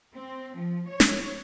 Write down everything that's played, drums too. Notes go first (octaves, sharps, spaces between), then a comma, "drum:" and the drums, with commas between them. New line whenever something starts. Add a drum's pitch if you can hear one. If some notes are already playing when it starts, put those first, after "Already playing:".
C4
F3
C#5
drum: snare